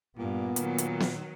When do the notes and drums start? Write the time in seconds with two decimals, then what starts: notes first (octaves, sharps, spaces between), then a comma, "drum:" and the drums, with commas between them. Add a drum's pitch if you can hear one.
0.18 G2 A#2 B3
0.56 D#3 F#3, drum: hi-hat
0.78 drum: hi-hat
1.01 drum: snare B3